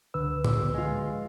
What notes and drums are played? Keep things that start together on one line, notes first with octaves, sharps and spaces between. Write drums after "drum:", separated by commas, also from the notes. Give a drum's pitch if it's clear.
C#2 D3 B4 E6
drum: tom
G#3 F4